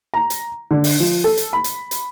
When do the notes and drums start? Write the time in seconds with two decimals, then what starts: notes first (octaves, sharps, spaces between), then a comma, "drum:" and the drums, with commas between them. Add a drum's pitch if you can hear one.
0.14 A#5
0.30 drum: hi-hat
0.71 D3
0.84 drum: open hi-hat
1.00 F3
1.24 A4
1.37 drum: hi-hat
1.53 B5
1.64 drum: hi-hat
1.91 drum: hi-hat